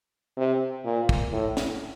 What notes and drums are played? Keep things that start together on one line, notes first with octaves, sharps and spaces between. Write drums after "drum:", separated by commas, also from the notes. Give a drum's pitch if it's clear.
C3
A#2
drum: kick
A2
drum: snare